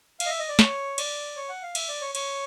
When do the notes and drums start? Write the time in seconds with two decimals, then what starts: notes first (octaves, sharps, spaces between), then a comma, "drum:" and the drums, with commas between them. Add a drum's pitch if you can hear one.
0.20 F5, drum: cymbal
0.26 D#5
0.29 E5
0.39 D#5
0.49 D5
0.59 C#5, drum: snare
0.98 D5, drum: cymbal
1.36 C#5
1.49 F#5
1.62 F5
1.75 E5, drum: cymbal
1.89 D5
2.01 C#5
2.15 C#5, drum: cymbal